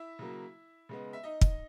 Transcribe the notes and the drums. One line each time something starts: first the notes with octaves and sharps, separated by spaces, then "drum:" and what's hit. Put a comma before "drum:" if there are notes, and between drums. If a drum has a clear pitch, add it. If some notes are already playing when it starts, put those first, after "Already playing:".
Already playing: E4 E5
C#3 F#3 A#3
C#3 G#3 B3
E5
D#4 D#5
drum: kick